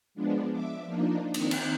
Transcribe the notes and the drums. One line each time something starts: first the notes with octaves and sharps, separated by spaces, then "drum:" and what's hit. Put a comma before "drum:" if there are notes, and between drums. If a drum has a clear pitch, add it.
F3 G#3 B3 D4
E5 D6
F3 A#3 D4 D#4
D#3 C4 D#4, drum: cymbal
drum: cymbal